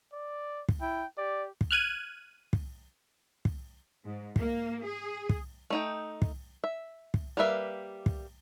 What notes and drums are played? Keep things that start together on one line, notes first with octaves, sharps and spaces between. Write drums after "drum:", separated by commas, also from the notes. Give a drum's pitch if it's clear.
D5
drum: kick
E4 G5
G4 D5
drum: kick
F6 F#6 G#6 D#7
drum: kick
drum: kick
G#2
A#3, drum: kick
G#4
drum: kick
A3 D#4 G5
drum: kick
E5
drum: kick
G3 A#3 B4 E5 F5
drum: kick